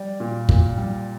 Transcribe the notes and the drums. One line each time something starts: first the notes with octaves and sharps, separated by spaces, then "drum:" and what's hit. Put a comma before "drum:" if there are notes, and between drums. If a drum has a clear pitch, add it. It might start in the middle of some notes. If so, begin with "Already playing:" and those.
Already playing: G3 D5
A#2
A#2, drum: kick
G3